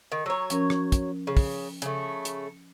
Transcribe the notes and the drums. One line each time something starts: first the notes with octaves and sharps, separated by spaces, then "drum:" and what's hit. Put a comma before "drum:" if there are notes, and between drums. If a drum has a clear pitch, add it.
D#3
F#3 C#5 A#5 E6
F3 C#4 A#4, drum: hi-hat
drum: rim click
drum: kick, hi-hat
C#3
drum: kick, open hi-hat
C#3 A3, drum: hi-hat
drum: hi-hat